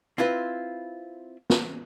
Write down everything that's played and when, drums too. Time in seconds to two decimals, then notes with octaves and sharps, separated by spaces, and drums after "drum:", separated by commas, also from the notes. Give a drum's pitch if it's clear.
0.18 C4 E4 F4 B4
1.50 drum: snare